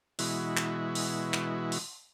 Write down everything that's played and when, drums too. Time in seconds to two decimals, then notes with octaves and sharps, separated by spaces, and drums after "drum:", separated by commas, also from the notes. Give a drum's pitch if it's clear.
0.19 B2 E3 G#3 E4 F#4, drum: open hi-hat
0.57 drum: clap
0.95 drum: open hi-hat
1.34 drum: clap
1.72 drum: open hi-hat